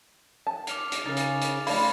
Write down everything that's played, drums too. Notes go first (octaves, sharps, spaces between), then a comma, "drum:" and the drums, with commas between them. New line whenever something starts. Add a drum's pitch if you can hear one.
A5
D6 F6 F7, drum: hi-hat
drum: hi-hat
C#3 D#4 A#4 A6
drum: hi-hat
drum: hi-hat
A3 D4 F4 F5 B5 G#6, drum: open hi-hat